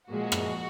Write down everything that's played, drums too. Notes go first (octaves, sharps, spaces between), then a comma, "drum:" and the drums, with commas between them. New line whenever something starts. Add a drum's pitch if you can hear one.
A#2 F3 G#3 F#4
drum: rim click